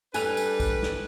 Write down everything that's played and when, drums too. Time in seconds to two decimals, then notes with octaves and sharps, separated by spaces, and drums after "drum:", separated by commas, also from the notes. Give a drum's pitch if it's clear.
0.14 G3 D4 A4 B4 G5 G#5 F#6 F7, drum: tambourine
0.37 drum: tambourine
0.60 drum: kick, tambourine
0.83 drum: snare